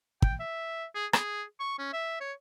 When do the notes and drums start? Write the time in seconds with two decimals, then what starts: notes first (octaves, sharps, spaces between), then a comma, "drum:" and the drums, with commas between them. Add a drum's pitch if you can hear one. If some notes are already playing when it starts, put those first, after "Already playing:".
0.22 G5, drum: kick
0.40 E5
0.95 G#4
1.13 G#4, drum: rim click
1.60 C#6
1.79 C#4
1.93 E5
2.20 C#5